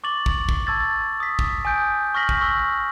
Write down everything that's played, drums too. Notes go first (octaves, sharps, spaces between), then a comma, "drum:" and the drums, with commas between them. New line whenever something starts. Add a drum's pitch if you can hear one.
C#6 D6 A6 F#7
drum: kick
drum: kick
A5 C#6 E6 G#6 A6
D#6 B6
drum: kick
G#5 D#6 G6 D7
C#6 F6 G6 A#6 B6 F#7
drum: kick
C#6 E6